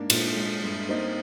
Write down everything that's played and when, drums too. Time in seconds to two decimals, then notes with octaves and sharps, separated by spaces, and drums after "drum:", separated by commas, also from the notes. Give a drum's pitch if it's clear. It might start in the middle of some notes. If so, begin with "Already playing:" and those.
Already playing: G#2 A#3 D4
0.10 A#2, drum: cymbal
0.36 G#3
0.63 G2
0.89 A#3 C4 D#4